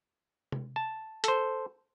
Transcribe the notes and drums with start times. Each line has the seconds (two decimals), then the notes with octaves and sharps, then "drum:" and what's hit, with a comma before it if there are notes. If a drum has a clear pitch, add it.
0.52 drum: tom C3
0.76 A5
1.24 A4 C5, drum: hi-hat